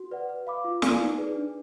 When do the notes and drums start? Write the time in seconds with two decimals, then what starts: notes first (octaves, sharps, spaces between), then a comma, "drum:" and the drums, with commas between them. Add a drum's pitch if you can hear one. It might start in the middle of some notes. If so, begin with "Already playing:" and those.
Already playing: F#4
0.11 B4 D5 F#5
0.29 B4
0.47 F5 B5 D6
0.64 F4
0.82 A#4 D5 F5 G#5, drum: snare
0.99 D#4
1.18 G#4 B4 D5
1.35 D4